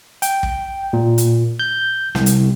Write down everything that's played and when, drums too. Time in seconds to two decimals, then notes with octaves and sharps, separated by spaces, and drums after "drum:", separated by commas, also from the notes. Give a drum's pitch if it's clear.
0.22 G5, drum: hi-hat
0.43 drum: kick
0.93 A#2
1.18 drum: hi-hat
1.59 G6
2.15 C2, drum: snare
2.26 drum: hi-hat